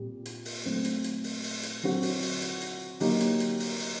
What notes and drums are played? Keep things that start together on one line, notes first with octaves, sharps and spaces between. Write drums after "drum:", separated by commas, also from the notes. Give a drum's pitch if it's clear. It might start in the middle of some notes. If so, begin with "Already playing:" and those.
Already playing: A#2 G3 C4 G4
drum: hi-hat
drum: open hi-hat
F#3 A3 C4
drum: hi-hat
drum: hi-hat
drum: open hi-hat
drum: open hi-hat
drum: hi-hat
F#3 C4 F#4
drum: open hi-hat
drum: open hi-hat
drum: hi-hat
drum: hi-hat
F#3 A#3 D#4 G4, drum: open hi-hat
drum: hi-hat
drum: hi-hat
drum: open hi-hat
drum: open hi-hat